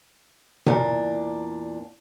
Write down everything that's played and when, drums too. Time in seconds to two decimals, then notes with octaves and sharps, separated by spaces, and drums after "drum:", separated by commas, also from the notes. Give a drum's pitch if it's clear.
0.66 E2 A#2 D4, drum: tom B2